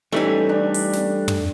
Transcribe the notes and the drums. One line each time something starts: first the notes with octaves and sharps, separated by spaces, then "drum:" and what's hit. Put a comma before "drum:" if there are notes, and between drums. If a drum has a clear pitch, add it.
E3 G3 A3 C#4 D#4 G4 E5 G#5
D4
drum: open hi-hat
drum: snare
drum: tom